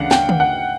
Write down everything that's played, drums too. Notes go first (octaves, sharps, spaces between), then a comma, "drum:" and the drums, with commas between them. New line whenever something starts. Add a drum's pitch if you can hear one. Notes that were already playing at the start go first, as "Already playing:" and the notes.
Already playing: D2 C#3 E3 A3 D4 F5 F#5
G5, drum: snare
drum: tom D3
F#5